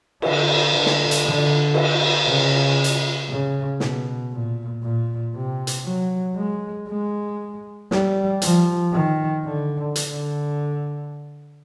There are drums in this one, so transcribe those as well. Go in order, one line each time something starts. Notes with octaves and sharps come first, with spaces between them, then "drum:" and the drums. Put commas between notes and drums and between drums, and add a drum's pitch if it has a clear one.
D3, drum: cymbal
D3
drum: snare
drum: hi-hat
D3
drum: cymbal
C#3
drum: hi-hat
C#3
B2, drum: snare
A#2
A#2
C3
drum: hi-hat
F#3
G#3
G#3
G3, drum: snare
F3, drum: hi-hat
D#3
D3
D3, drum: hi-hat